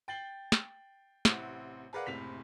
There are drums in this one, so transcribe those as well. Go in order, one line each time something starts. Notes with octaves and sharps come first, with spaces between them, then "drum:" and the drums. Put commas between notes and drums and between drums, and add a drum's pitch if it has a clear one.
G5 A6 C7 F#7 G7
drum: snare
A1 C3 C4 E4 F#5, drum: snare
G#4 A#4 B4 D5 F5 F#5
F#1 A2 C3 B6 F7